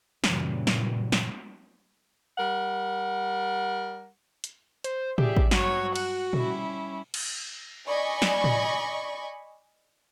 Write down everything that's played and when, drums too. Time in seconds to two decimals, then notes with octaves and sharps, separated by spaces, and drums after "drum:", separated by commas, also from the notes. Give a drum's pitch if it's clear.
0.24 F#2 A#2 C#3 E3 F#3 G3, drum: snare
0.67 drum: snare
1.12 drum: snare
2.38 G3 A#4 F#5
4.44 drum: hi-hat
4.84 C5, drum: hi-hat
5.18 G4 G#4 D5 E5, drum: tom A2
5.37 drum: kick A1
5.51 G2 F#3 F#4 C#5, drum: snare
5.96 F#5, drum: cymbal
6.33 G3 C#4 E4, drum: tom A#2
7.14 drum: cymbal
7.87 D5 D#5 G#5 B5 C#6
8.22 drum: snare
8.44 drum: tom A2